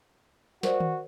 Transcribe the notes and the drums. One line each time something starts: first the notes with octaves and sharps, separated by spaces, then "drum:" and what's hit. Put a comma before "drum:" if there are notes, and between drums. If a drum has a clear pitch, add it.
F#4 A#4 C5 D5, drum: snare
drum: tom D#3